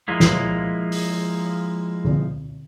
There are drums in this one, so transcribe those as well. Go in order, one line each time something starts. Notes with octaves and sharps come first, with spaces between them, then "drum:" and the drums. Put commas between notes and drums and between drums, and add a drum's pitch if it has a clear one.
F3 G#3 A#3 E4
drum: snare
drum: open hi-hat
drum: tom D3